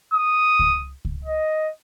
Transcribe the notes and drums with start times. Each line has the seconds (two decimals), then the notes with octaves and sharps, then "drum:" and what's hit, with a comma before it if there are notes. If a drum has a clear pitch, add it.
0.14 D#6
0.59 drum: kick C#2
1.05 drum: kick C#2
1.25 D#5